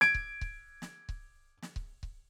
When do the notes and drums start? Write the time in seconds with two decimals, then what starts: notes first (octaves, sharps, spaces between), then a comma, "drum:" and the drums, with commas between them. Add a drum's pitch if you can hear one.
0.01 G#6 D7, drum: snare
0.15 drum: kick C#1
0.41 drum: kick C#1
0.82 drum: snare
1.09 drum: kick C#1
1.62 drum: snare
1.76 drum: kick C#1
2.03 drum: kick C#1